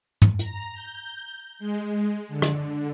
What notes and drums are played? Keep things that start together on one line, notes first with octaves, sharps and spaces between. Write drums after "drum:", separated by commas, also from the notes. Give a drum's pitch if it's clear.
drum: tom
A#5, drum: hi-hat
G6
G#3
D3
drum: rim click